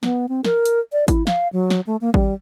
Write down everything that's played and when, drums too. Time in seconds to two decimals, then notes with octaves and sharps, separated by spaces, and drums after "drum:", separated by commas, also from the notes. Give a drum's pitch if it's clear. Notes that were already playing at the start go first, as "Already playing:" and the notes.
0.03 B3, drum: snare
0.29 C4
0.45 A#4, drum: snare
0.65 drum: hi-hat
0.92 D5
1.08 E4, drum: kick G#1, hi-hat
1.27 F5, drum: snare
1.53 F#3
1.70 drum: snare
1.87 A3
2.01 A#3
2.14 G3, drum: kick G#1